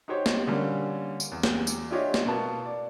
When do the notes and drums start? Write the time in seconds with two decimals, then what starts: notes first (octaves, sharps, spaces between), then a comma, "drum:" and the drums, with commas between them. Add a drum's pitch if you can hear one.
0.08 D#4 F#4 G4 C5 C#5
0.26 drum: snare
0.47 D3 G3 A#3 C#4
1.20 drum: tambourine
1.32 E2
1.43 drum: snare
1.67 drum: tambourine
1.91 D4 E4 F4 G4 C#5 D#5
2.14 drum: snare
2.25 B2 A#3 B3 A5
2.66 D5